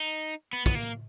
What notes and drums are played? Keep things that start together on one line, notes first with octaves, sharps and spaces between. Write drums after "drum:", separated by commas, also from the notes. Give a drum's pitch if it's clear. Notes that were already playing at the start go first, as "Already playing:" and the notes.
Already playing: D#4
B3
B3, drum: kick
A#3